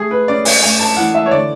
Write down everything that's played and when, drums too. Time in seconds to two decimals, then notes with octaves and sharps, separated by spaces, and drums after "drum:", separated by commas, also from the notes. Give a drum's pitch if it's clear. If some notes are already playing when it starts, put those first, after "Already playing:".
Already playing: A3 G#4
0.11 B4
0.28 C#4 D5
0.45 G#5, drum: open hi-hat
0.62 A3 G#5
0.79 A5
0.97 E3 F#5
1.15 E5
1.26 C#5
1.31 D3 D5